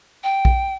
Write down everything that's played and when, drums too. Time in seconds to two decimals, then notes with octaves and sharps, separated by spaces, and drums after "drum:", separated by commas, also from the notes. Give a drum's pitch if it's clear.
0.24 G5
0.45 drum: kick A#1